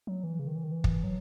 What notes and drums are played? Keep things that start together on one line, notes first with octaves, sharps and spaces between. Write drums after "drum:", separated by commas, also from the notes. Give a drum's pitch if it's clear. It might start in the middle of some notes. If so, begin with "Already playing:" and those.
F#3
E3
C#3
D#3
E3
D#3
E3
drum: kick
F#3